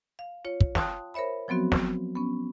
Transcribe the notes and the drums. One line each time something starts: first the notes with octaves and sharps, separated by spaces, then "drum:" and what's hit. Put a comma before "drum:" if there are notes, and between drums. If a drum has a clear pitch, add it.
F5
F4 C#5
drum: kick
F5 G5 A5 C6 D#6 F#6, drum: snare
A#4 C5 C#5 E5 B5
F3 F#3 B3 C4 F#4
drum: snare
B3 C#4